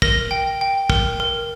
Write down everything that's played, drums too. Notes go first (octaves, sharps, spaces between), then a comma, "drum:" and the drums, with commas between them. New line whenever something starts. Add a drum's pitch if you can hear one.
A#4 A#6, drum: kick
G5
G5
A#4, drum: kick
A#4